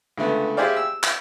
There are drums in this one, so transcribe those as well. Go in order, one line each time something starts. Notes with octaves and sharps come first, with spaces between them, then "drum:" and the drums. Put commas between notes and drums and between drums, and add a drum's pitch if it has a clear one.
C#2 D3 A3 B3
E4 G4 G#4 C5 D5 F5
E6
drum: clap